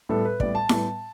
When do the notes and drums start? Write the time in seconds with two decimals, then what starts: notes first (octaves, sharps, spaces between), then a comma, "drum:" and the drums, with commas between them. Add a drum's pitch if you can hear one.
0.09 A2 G3 B3 A4
0.25 B4
0.40 A2 G3 B3 D5, drum: kick
0.55 A5
0.69 A2 G3 B3, drum: snare E4